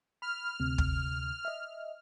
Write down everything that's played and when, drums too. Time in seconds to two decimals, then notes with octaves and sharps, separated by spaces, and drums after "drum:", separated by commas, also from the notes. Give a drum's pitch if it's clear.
0.22 B5 F6
0.60 D2 C3
0.78 drum: kick
1.45 D#5 E5